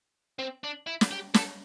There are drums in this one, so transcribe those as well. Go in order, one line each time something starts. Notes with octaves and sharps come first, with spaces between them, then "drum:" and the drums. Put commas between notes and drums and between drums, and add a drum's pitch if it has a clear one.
C4
D4
E4
drum: snare
G4
A4, drum: snare